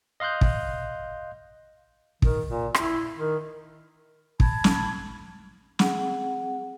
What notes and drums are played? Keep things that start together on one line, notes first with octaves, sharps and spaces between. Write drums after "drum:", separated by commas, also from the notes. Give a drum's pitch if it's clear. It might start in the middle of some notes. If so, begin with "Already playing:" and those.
D#5 F5 C6 F#6 G6
drum: kick
D#3, drum: kick
A#2
E4, drum: rim click
D#3
A5 B5 G#6, drum: kick
drum: snare
C4 G#4 F#5, drum: snare